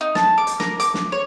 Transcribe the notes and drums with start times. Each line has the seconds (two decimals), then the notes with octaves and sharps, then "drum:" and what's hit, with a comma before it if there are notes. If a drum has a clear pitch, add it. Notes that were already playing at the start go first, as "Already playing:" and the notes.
0.01 D#4
0.15 A5, drum: snare
0.38 D6
0.47 drum: hi-hat
0.60 A#4, drum: snare
0.80 D6, drum: hi-hat
0.94 drum: snare
1.12 C#5